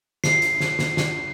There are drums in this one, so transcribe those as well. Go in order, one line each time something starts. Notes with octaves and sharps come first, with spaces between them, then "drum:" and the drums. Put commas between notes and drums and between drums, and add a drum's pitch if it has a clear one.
C7, drum: snare
drum: hi-hat
drum: snare
drum: snare
drum: snare